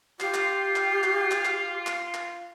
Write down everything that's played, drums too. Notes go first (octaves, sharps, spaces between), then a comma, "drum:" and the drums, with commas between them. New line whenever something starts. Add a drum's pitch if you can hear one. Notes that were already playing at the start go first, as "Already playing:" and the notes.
F4 G4 C7, drum: clap
drum: clap
drum: clap
drum: clap
drum: clap
drum: clap
drum: clap
drum: clap